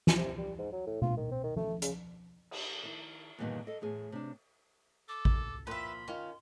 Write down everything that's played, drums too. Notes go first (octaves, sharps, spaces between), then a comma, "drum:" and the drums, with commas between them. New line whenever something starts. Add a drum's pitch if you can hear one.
drum: snare
C3
G3
G#2
F#3
A2
F4, drum: tom B2
D#3
C4
D#3
A3, drum: tom F3
C#3, drum: hi-hat
drum: cymbal
D#3 E4
E2 G2 A#2 D#3 B3
A4 D#5
E2 A2 G#4
C3 D4
A4 D6
drum: kick A1
A#2 F3 C4 B4 E5 B5 C6
D#3 C#4 F4